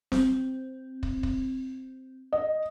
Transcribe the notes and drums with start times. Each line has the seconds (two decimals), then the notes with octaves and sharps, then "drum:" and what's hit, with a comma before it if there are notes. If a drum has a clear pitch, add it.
0.12 C4, drum: snare
1.03 drum: kick
1.23 drum: kick
2.33 D#5